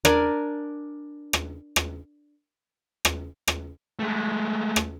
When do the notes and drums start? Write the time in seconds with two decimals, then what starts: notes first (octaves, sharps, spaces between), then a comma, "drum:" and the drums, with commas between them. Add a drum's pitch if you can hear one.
0.05 D4 A#4 D5 G#5, drum: rim click
1.33 drum: rim click
1.76 drum: rim click
3.05 drum: rim click
3.48 drum: rim click
3.99 G#3 A3
4.76 drum: rim click